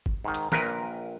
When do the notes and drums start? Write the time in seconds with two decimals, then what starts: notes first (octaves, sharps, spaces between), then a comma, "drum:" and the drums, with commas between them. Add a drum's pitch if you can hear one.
0.06 drum: kick
0.25 G#2 D#3
0.34 drum: hi-hat
0.52 A#1 A#2 A#4 B4, drum: snare